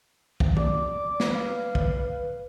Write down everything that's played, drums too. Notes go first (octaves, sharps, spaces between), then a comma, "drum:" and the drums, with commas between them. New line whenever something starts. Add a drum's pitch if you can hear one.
drum: kick
D5 D6, drum: tom
drum: snare
B4 F5
drum: kick